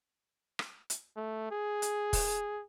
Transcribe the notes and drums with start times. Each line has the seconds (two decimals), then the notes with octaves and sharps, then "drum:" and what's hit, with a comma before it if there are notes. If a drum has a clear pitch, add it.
0.59 drum: rim click
0.90 drum: hi-hat
1.16 A3
1.51 G#4
1.82 drum: hi-hat
2.13 drum: kick, open hi-hat